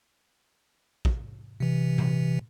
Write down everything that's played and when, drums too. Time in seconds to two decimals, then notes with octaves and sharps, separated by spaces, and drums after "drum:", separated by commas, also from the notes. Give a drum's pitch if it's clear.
1.05 drum: kick
1.60 C3 E3
1.98 drum: tom A#2